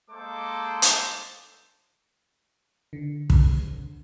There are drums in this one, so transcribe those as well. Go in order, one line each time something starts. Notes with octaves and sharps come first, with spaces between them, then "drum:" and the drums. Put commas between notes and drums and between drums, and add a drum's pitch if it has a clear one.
G#3 A#3 A4 C5 D6
drum: hi-hat
D3
drum: kick